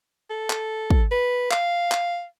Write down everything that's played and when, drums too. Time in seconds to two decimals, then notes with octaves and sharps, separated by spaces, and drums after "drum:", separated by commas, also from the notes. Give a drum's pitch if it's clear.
0.30 A4
0.50 drum: clap
0.90 drum: kick
1.11 B4
1.51 F5, drum: clap
1.92 drum: clap